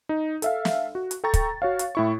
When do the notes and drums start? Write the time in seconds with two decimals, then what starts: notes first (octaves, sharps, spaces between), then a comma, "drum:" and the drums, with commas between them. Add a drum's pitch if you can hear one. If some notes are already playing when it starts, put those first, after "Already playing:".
0.09 D#4
0.42 A4 E5 F5, drum: hi-hat
0.65 drum: snare
0.95 F#4
1.11 drum: hi-hat
1.24 A4 G5 A#5 C#6 A6
1.34 drum: kick, hi-hat
1.62 F#4 C#5 F5
1.79 drum: hi-hat
1.95 A2 E4 C#6